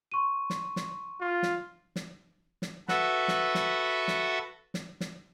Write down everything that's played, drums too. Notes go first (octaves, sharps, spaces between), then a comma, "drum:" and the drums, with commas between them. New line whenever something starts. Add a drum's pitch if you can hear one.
C6 C#6 D#7
drum: snare
drum: snare
F4
drum: snare
drum: snare
drum: snare
F#4 A4 B4 E5 F#5, drum: snare
drum: snare
drum: snare
drum: snare
drum: snare
drum: snare